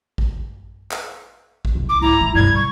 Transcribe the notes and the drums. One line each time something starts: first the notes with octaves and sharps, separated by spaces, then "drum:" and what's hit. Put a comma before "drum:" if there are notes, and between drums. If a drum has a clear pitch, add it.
drum: kick G#1
drum: clap
drum: kick G#1
C2
D6
G#1 E4 A#5
D#3
G2 C3 G3 G#6
C#6